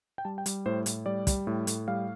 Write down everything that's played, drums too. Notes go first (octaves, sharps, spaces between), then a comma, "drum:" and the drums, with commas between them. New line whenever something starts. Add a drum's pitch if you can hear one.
G5
G3 A5
G5
G3, drum: hi-hat
A2 C5
A2, drum: hi-hat
G3 D5
G3, drum: kick, hi-hat
A2
A2, drum: hi-hat
G3 F5